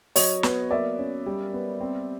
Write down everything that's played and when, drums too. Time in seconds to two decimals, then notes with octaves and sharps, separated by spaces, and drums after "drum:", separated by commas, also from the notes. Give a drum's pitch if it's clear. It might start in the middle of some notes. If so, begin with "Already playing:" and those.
0.16 F#3 C#5 D#5, drum: open hi-hat
0.43 B3, drum: snare
0.71 A#3 D5 E5
0.99 C#4
1.26 G3
1.54 B3
1.80 C4